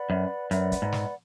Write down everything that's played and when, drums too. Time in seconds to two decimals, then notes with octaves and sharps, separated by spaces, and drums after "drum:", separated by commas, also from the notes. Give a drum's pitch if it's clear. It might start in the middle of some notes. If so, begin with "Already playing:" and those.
Already playing: B4 D5 F#5 B5
0.10 F#2
0.51 F#2 B4 D5 F#5 B5, drum: hi-hat
0.72 drum: kick, hi-hat
0.82 G#2
0.92 drum: snare